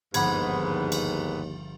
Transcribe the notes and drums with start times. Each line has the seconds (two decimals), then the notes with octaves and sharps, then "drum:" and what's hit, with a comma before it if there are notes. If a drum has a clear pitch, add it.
0.14 G1 D#2 G#2 F3 B3 F#5 B5 G#6, drum: cymbal
0.92 drum: cymbal